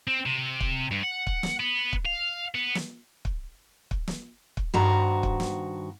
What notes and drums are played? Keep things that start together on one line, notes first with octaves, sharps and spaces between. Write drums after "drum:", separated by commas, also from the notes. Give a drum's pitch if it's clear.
C4
C3
drum: kick
G2
F#5
drum: kick
drum: snare
B3
drum: kick
F5
B3
drum: snare
drum: kick
drum: kick
drum: snare
drum: kick
G2 D#3 F#4 C5 A#5
drum: kick
drum: snare